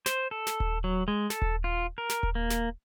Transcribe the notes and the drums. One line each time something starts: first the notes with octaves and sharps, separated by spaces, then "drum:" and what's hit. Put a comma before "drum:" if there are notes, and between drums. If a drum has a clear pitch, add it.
C5, drum: snare
A4
drum: snare
drum: kick D#1
F#3
G#3
A4, drum: snare
drum: kick D#1
F4
A#4
drum: snare
drum: kick D#1
A#3
drum: snare